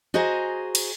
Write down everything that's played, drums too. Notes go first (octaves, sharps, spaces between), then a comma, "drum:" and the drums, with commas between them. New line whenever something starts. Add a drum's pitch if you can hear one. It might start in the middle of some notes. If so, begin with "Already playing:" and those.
F#4 G#4 C5 D#5 G#5 A#5
drum: cymbal